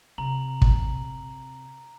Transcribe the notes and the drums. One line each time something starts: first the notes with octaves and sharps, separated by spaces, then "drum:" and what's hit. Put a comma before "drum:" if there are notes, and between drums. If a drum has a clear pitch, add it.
C3 A#5 F#7
drum: kick